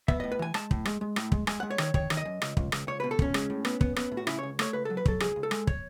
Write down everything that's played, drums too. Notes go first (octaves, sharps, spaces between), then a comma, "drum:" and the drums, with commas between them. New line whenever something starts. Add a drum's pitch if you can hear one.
B3 E5, drum: kick
A2 D#5
B4
E3 G#5
G#3 A5, drum: rim click
A2, drum: kick
G#3, drum: rim click
G#3
A2, drum: rim click
G#3, drum: kick
G#3 G#5, drum: rim click
G#3 F#5
C#5
D#3, drum: rim click
C#5
D#3 C#5, drum: kick
D#3, drum: rim click
D#5
F#2
C#2, drum: rim click
C#2, drum: kick
C#2, drum: rim click
C#2 C#5
B2 B4
A4
C#2 C#4, drum: kick
G#3, drum: rim click
A2
B3, drum: rim click
B3, drum: kick
B3, drum: rim click
A2
F#4
C#3 E4, drum: rim click
C#2 C#5
A3 C#5, drum: rim click
C#2 B4
F#3 A4
B4
F#3 A4, drum: kick
C#2 G#4, drum: rim click
C#2
A4
G#3, drum: rim click
C#5, drum: kick